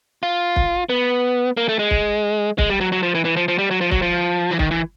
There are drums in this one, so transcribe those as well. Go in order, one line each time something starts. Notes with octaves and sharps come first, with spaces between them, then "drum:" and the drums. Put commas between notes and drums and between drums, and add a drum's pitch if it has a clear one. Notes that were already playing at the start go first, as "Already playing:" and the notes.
F4
drum: kick
B3
A#3
A3
G#3
drum: kick
G#3, drum: kick
G3
F#3
F#3
F3
E3
E3
F3
F3
G3
F#3
F3
F#3, drum: kick
F3
E3
D#3, drum: kick
E3